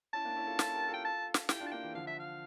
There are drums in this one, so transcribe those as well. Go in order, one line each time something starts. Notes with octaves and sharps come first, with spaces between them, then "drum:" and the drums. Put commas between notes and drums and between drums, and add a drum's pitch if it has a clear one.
C#4 E4 A5
A#3 D4
C#4 E4
F4 A4
F4 A4, drum: snare
G4 A#4
F4 A4 G5
A5
drum: snare
E4 G4 G5, drum: snare
D4 F4
A5
A#3 D4 G5
E3
D3 F3 F5
E5
F5